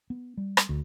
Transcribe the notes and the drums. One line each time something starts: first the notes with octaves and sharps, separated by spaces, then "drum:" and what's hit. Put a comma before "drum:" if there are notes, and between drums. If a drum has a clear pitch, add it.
B3
G3
drum: rim click
D2